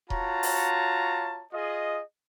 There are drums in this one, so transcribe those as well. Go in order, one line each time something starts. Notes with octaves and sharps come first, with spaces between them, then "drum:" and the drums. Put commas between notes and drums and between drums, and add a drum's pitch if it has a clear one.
F4 F#4 C#5 A5 A#5, drum: kick D#1
drum: open hi-hat
F4 G#4 D#5